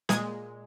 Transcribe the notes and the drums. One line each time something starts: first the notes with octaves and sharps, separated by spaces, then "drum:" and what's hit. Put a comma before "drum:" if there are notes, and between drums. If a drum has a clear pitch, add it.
A#2 G#3 D#6 G#6, drum: snare